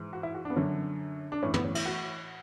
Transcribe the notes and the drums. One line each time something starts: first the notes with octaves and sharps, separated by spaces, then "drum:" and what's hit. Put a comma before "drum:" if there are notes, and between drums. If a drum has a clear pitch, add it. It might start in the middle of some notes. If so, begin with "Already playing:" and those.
Already playing: G#2 E3
F#4
E4
F#4
D4
B3
F#2 D3 C#4
D4
A2 E3 C#4
B3, drum: tom
C#4
E4, drum: cymbal
F#4